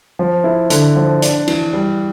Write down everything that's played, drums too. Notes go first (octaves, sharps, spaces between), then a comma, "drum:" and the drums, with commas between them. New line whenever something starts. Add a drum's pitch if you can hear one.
F3
E4
D3, drum: hi-hat
F3
D4, drum: hi-hat
E3, drum: cymbal
G3